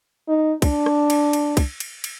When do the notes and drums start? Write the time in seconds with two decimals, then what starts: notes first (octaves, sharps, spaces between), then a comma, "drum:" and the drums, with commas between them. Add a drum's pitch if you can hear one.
0.28 D#4
0.62 D4, drum: kick, cymbal
0.86 drum: rim click
1.10 drum: cymbal
1.33 drum: cymbal
1.57 drum: kick, cymbal
1.80 drum: cymbal
2.04 drum: cymbal